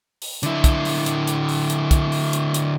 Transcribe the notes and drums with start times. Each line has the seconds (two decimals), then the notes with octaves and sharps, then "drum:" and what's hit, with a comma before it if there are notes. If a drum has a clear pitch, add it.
0.22 drum: open hi-hat
0.43 D3 E4, drum: hi-hat
0.64 drum: kick, hi-hat
0.85 drum: open hi-hat
1.06 drum: hi-hat
1.27 drum: hi-hat
1.49 drum: open hi-hat
1.70 drum: hi-hat
1.91 drum: kick, hi-hat
2.12 drum: open hi-hat
2.33 drum: hi-hat
2.54 drum: hi-hat